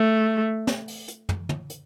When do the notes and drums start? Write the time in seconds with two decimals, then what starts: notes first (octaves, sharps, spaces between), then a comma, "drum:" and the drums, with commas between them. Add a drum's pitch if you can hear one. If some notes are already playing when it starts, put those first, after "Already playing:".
Already playing: A3
0.67 drum: snare
0.88 drum: open hi-hat
1.08 drum: hi-hat
1.29 drum: tom
1.49 drum: tom
1.70 drum: hi-hat